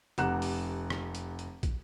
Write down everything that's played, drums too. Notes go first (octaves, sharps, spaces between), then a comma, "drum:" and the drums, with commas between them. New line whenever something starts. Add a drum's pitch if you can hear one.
F1 G4 F#5 A#5 F#6 E7, drum: hi-hat
drum: open hi-hat
drum: rim click
drum: hi-hat
drum: hi-hat
drum: kick, hi-hat